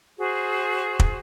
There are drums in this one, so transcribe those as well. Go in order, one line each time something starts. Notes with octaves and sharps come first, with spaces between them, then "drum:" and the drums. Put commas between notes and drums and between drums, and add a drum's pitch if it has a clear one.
F#4 G#4 C5
drum: kick